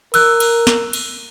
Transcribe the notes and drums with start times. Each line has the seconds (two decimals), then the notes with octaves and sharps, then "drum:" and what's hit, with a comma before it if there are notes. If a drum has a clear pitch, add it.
0.14 A#4 E6 F#6, drum: cymbal
0.40 drum: cymbal
0.67 drum: snare
0.93 drum: cymbal